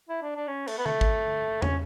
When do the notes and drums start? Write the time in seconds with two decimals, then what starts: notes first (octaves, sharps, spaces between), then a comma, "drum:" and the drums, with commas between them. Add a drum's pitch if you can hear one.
0.09 E4
0.22 D4
0.35 D4
0.47 C#4
0.67 A3, drum: cymbal
0.78 B3
0.86 A3, drum: tom D3
1.01 drum: kick G#1
1.62 C#4, drum: tom E2